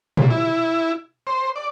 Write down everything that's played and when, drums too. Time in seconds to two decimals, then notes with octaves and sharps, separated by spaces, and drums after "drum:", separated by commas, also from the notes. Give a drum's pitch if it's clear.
0.17 A#2, drum: tom A#2
0.30 E4
1.27 C5
1.56 D5